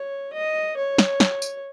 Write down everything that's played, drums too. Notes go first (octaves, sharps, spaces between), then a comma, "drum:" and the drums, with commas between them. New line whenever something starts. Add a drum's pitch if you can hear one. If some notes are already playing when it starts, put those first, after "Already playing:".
Already playing: C#5
D#5
C#5
drum: snare
drum: snare
drum: tambourine